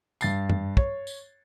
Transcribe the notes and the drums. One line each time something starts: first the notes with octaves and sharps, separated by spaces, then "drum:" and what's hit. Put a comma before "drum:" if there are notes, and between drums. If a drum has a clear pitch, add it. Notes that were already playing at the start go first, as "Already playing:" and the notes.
G2 A6 C7, drum: tambourine
drum: tom F#2
C#5, drum: kick
drum: tambourine